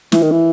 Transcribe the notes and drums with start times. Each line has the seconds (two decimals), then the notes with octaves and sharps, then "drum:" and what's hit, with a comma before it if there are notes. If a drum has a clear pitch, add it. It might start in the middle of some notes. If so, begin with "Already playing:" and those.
0.12 E3, drum: snare
0.22 D#3
0.32 E3